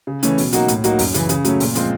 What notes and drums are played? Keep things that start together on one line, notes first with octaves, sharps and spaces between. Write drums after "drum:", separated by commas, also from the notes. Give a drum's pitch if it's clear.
C#3
E3 A3 C#4, drum: hi-hat
B2, drum: open hi-hat
F#3 A#3 D#4 F#4, drum: hi-hat
A2, drum: hi-hat
F#3 A#3 D#4 F#4, drum: hi-hat
F#2, drum: open hi-hat
C#3 E3, drum: hi-hat
C#3, drum: hi-hat
F#3 A3 C#4, drum: hi-hat
A#2, drum: open hi-hat
F3 G#3 C4 F4, drum: hi-hat